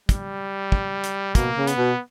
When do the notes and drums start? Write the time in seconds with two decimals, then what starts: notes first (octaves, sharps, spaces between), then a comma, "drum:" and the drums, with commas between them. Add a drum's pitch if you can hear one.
0.09 G3, drum: kick, hi-hat
0.72 drum: kick
1.04 drum: hi-hat
1.35 B2 A#3, drum: kick, hi-hat
1.57 C#3
1.67 B3, drum: hi-hat
1.77 B2